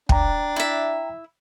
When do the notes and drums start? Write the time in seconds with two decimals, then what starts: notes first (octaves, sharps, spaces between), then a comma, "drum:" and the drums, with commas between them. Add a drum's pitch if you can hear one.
0.09 D4 G5 A#5, drum: kick
0.56 E4 E5